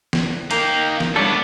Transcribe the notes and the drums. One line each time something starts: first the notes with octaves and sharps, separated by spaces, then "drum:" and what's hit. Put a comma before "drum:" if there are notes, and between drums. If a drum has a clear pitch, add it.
drum: snare
A#3 D#4 F5 G5, drum: hi-hat
G4
drum: snare
D2 G3 B3 D4 A4 C#5 D5